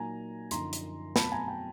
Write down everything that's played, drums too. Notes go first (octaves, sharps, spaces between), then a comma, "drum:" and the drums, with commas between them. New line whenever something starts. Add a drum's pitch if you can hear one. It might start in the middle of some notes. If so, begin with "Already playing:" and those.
Already playing: A#2 F#3 A#3 D#4 G#5 A#5
F#2 D3 F3 A#3 D#4 A#5 C6, drum: hi-hat
drum: hi-hat
B2 F#3 A3 C4 A5 B5, drum: snare
G#5 A#5
G5 A5